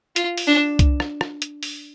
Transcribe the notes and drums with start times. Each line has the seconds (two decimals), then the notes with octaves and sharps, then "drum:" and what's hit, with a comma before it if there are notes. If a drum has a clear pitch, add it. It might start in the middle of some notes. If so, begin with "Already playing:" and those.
0.16 F4, drum: hi-hat
0.37 drum: open hi-hat
0.48 D4
0.79 drum: kick C2, hi-hat
1.00 drum: rim click
1.21 drum: rim click
1.42 drum: hi-hat
1.63 drum: open hi-hat